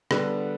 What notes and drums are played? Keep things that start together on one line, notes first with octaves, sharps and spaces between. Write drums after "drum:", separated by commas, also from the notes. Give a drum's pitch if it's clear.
D3 G3 B3 D4, drum: rim click